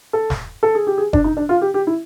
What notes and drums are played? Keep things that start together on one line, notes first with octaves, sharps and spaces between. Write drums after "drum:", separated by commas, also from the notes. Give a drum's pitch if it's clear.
A4
drum: snare
A4
G#4
G4
G#4
D4, drum: kick F#1
D#4
D4
F4
G4
G4
E4